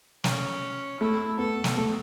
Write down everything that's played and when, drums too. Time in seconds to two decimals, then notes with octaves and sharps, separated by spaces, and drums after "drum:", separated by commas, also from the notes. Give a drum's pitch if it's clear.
0.24 C#4, drum: snare
1.00 A3 E4
1.38 B3 A4
1.64 drum: snare
1.77 A3